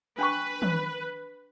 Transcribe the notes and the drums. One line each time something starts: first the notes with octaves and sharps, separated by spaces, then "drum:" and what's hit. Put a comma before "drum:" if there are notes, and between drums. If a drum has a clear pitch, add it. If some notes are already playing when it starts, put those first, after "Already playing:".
D4 B4 G5 C#6
drum: tom